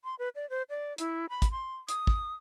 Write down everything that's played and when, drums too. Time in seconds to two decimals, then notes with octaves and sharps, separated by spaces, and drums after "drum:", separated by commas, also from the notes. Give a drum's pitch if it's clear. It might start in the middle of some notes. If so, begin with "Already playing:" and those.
0.04 C6
0.19 B4
0.35 D5
0.50 C5
0.70 D5
0.98 E4, drum: hi-hat
1.30 B5
1.42 drum: kick, hi-hat
1.51 C6
1.88 D#6, drum: hi-hat
2.07 drum: kick